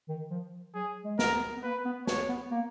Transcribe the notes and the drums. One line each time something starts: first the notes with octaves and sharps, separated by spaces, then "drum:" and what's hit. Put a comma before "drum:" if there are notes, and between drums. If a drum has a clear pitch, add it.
D#3
F3
F#3 G#4
G#3
A#4, drum: snare
B3
B3
A#3 B4
B3
C#5, drum: snare
B3
A#3